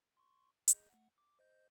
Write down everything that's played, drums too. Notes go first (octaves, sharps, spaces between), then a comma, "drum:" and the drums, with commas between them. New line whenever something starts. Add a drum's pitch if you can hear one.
C6 C#6
G#4 D#5 G6, drum: hi-hat
A3 F#5
D6
C5 D#5 G6